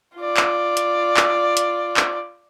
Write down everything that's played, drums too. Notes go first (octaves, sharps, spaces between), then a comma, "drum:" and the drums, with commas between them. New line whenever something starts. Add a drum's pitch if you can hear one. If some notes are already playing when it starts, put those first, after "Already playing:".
F4 D5
drum: clap
drum: hi-hat
drum: clap
drum: hi-hat
drum: clap